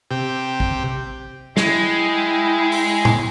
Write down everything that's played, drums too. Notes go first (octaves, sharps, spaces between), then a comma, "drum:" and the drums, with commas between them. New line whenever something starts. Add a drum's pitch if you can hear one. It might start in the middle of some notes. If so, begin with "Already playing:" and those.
C3 G4
drum: kick
G#3 E4 G5, drum: snare
drum: open hi-hat
drum: tom A2